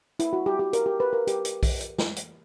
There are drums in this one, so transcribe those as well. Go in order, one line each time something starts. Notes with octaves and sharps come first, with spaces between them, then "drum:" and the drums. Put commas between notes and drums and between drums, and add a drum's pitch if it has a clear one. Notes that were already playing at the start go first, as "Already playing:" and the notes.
E4, drum: hi-hat
F#4
G4
G4
A#4, drum: hi-hat
G4
B4
A#4
G4, drum: hi-hat
drum: hi-hat
drum: kick B1, open hi-hat
drum: hi-hat
drum: snare
drum: hi-hat